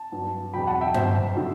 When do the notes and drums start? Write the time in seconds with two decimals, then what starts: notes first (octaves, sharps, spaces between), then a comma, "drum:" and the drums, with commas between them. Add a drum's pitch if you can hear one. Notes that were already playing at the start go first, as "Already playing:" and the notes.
Already playing: A5
0.12 G2 F#3
0.53 E2 B2 F#3 G5 B5
0.67 F#5 A5
0.81 E5 G5
0.94 C2 B2 F#3 C5 E5, drum: tom G2
1.36 D3 F#3